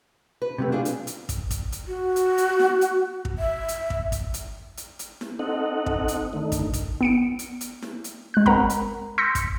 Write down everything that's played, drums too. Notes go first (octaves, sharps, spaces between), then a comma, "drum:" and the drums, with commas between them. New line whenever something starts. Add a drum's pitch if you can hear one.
B4
C3 F#3 A3
D4 F4 G#4
drum: hi-hat
drum: hi-hat
drum: kick, hi-hat
drum: kick, hi-hat
drum: hi-hat
F#4
drum: hi-hat
drum: hi-hat
drum: snare E4
drum: hi-hat
drum: kick
E5
drum: hi-hat
drum: kick
drum: kick, hi-hat
drum: hi-hat
drum: hi-hat
drum: hi-hat
drum: snare E4
C4 D#4 A4 D#5 F#5
drum: kick
drum: hi-hat
D3 D#3 A3 D#4
drum: kick, hi-hat
drum: kick, hi-hat
B3 C#7 D7
drum: hi-hat
drum: hi-hat
drum: snare E4
drum: hi-hat
G#3 F#6
C4 A#4 F#5 A#5 B5, drum: kick
drum: hi-hat
C6 E6 G6 A#6 B6 C#7
drum: kick, hi-hat